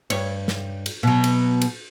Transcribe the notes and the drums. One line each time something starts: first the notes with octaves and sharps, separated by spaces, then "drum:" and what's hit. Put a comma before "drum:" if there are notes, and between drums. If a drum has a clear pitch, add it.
G2 C#5, drum: cymbal
drum: snare
drum: cymbal
B2 F#3
drum: cymbal
drum: cymbal